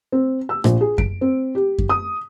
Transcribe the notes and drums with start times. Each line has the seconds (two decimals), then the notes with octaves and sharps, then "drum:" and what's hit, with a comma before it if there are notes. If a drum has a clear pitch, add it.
0.12 C4
0.49 E6
0.64 A#1, drum: rim click
0.81 G#4
0.98 D7, drum: kick F#2
1.21 C4
1.55 G4
1.78 drum: kick F#2
1.89 D#6